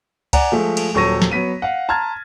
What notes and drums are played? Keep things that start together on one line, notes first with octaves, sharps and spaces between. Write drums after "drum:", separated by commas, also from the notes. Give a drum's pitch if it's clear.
D5 F#5 G#5 A#5, drum: kick C#2, cymbal
F3 G#3 A3
drum: cymbal
D#1 F#3 A4 C#6 A#6 D#7
drum: snare
F#3 B3 B6 D#7
F5 F#5
A5 A#5 C6 F6 G#6 A6